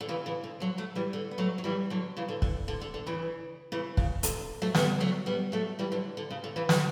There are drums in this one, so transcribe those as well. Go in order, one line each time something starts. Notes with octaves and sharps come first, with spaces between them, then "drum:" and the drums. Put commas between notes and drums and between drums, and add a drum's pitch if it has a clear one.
D3
C#3 E3
C#3 E3
D3
D3 F#3
F#3 A3
E3 G3
D3
B3
F#3 A3
F#3
E3 G3
D3 F#3
C#3 E3
D3
D3, drum: kick
D3
D3
D3
C#3 E3
C#3 E3
C#3, drum: kick
D3, drum: hi-hat
F#3 A3
G3 B3, drum: snare
F#3 A3
G3 B3
F#3 A3
E3 G3
D3 F#3
D3
C#3
D3
C#3 E3
D3 F#3, drum: snare